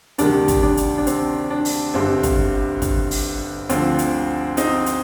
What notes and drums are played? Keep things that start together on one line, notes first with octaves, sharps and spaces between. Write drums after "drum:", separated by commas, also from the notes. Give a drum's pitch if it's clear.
D2 C3 D#3 G3 D4, drum: hi-hat
drum: kick, hi-hat
D4
drum: hi-hat
D4
C4, drum: hi-hat
D4
drum: open hi-hat
G1 G2 D3 G3 C4
drum: kick, hi-hat
drum: kick, hi-hat
drum: open hi-hat
D2 D3 F3 C4, drum: hi-hat
drum: hi-hat
C4 D#4, drum: hi-hat
drum: hi-hat